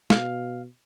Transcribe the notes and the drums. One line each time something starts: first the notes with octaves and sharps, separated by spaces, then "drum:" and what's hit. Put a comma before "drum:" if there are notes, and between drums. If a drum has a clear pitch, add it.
B2 F5, drum: snare